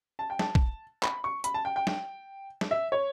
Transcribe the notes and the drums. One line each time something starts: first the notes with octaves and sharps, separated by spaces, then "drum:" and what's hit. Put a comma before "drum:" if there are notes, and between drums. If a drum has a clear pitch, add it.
A5
G5
A5, drum: snare
drum: kick A#1
B5, drum: clap
C#6
B5, drum: hi-hat
A5
G5
G5
G5, drum: snare
drum: snare
E5
C#5